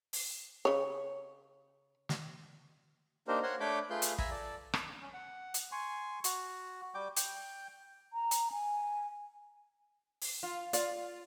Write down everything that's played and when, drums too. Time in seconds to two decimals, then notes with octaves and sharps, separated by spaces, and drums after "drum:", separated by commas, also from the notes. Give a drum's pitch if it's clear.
0.13 drum: open hi-hat
0.65 C#3 C#5
2.09 drum: snare
3.28 A#3 D4 D#4 G4 A#4 C5
3.43 A#4 C5 C#5 F#5 C6
3.60 A3 D4 C#5 B5 D6 G6
3.90 A3 F4 G#4 B4 C6 G6
4.02 drum: hi-hat
4.18 E5 G#5 A#5 B5, drum: kick
4.31 A4 D5
4.74 drum: rim click
5.02 C#4
5.13 F#5
5.54 drum: hi-hat
5.72 G#5 C6 C#6
6.24 F#4, drum: hi-hat
6.95 G3 G5 D6
7.17 G5, drum: hi-hat
8.13 A#5
8.31 drum: hi-hat
8.52 G#5
10.21 drum: open hi-hat
10.43 F4
10.73 F4 D5, drum: hi-hat